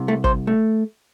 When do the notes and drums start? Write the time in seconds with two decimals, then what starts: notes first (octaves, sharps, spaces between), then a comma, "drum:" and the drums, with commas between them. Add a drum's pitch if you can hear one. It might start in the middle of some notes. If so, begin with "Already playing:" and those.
Already playing: C2 C3
0.08 A3
0.24 C5, drum: kick
0.47 A3